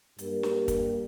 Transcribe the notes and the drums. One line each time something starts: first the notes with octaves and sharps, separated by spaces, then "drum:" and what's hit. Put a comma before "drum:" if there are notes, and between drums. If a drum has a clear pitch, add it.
G2 G3 A#3 G4 A#4, drum: hi-hat
drum: snare
drum: kick, hi-hat